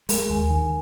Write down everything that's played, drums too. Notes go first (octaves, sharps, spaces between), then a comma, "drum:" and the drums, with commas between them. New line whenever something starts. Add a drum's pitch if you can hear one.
G#3 A#4, drum: open hi-hat
D#2 G#5
D#3 G#5